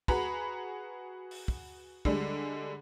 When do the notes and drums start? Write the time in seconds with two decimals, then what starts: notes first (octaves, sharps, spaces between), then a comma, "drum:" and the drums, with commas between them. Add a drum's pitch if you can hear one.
0.08 F#4 G#4 B4 A#5 B5, drum: kick
1.31 drum: open hi-hat
1.48 drum: kick
2.05 D3 G3 G#3, drum: kick